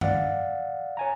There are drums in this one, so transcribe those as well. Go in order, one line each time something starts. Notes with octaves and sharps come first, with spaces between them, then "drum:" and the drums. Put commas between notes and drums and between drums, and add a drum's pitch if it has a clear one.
D5 F5 F#5, drum: tom
C#5 G#5 A#5